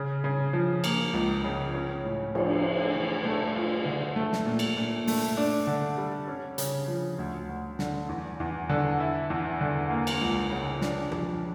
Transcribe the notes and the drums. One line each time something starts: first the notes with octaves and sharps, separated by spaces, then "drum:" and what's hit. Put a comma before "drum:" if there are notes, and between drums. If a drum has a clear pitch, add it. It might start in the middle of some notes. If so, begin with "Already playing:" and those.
Already playing: C#3
C#3
F3
A#3, drum: cymbal
C#2
C#3
C#4
A2
F3, drum: cymbal
E4
E3
A3
F4
D3
A3
drum: snare
A#2
drum: cymbal
A#2
A3, drum: open hi-hat
D4
D3
G3
C#4
C#3, drum: hi-hat
F3
D2
D2
D3, drum: snare
E2
E2
D3
E4
E2
D3
A#3
drum: cymbal
C#2
C#3
D4, drum: snare
F2, drum: tom